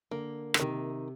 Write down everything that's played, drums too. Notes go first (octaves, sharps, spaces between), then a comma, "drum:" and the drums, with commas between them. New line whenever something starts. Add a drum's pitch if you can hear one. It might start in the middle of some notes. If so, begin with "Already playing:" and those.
D3 A#3
D3, drum: rim click
C3 D#3